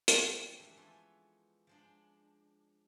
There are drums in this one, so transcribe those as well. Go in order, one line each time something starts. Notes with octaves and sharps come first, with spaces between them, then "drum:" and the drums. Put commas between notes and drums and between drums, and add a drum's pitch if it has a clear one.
F3 C#4 D4 G4, drum: hi-hat
E3 G#3 A3 B3 D4 F#4
E3 F3 F4 B4 C#5 G#5
F3 G#3 D4